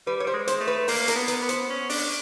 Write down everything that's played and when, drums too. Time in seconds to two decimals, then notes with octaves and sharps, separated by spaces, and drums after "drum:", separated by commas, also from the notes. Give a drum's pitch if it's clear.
0.07 G3 B4
0.20 C#5
0.24 G3 C5
0.33 G#3
0.47 C5, drum: hi-hat
0.60 A3
0.67 B4
0.88 A#3 A#4, drum: open hi-hat
1.08 A#4, drum: hi-hat
1.15 B3
1.28 B4, drum: hi-hat
1.42 B3
1.49 C5, drum: hi-hat
1.70 C#4
1.90 D4, drum: open hi-hat